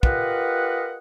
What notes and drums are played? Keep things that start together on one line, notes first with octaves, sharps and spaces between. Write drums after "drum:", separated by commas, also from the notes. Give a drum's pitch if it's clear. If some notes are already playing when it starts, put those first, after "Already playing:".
F4 G4 A#4 B4 D#5 F#5, drum: kick